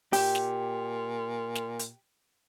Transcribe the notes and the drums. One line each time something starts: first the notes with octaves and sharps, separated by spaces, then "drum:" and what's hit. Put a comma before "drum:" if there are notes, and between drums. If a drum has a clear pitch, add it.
A#2 G4, drum: open hi-hat
drum: snare
drum: snare
drum: hi-hat